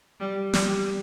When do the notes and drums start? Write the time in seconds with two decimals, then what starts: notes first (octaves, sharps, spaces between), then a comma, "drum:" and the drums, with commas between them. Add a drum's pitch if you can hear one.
0.20 G3
0.53 G3, drum: snare